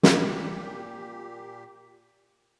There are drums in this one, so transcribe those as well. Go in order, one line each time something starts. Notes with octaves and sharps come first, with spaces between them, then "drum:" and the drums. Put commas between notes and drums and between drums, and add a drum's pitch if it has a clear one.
A#2 G4, drum: snare